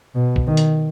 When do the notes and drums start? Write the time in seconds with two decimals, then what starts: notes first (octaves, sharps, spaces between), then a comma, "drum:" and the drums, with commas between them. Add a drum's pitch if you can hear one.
0.15 B2
0.36 drum: kick
0.47 D#3
0.57 drum: hi-hat